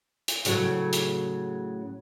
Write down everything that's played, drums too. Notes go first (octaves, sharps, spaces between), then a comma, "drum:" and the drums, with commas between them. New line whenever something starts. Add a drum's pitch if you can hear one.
drum: hi-hat
A2 C#3 F#3, drum: hi-hat
drum: hi-hat